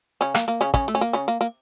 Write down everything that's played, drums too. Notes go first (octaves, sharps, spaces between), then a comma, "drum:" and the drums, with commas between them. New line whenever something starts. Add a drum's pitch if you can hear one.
C#3 C#4
A#3, drum: rim click
A#3
C#3 C#4
C#3 C#4, drum: kick
A3
C#4
A#3
C#3 C#4
A#3
A#3